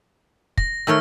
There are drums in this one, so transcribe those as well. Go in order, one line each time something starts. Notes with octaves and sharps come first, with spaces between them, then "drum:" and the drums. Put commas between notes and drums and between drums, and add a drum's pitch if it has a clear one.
A#6, drum: kick
D#3 A3 C#5 E6 F6